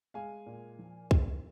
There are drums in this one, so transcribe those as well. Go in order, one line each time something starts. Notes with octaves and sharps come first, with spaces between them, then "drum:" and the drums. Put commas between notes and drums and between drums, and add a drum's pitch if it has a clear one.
G#3 F5 G#5
A#2
F3
A#2, drum: kick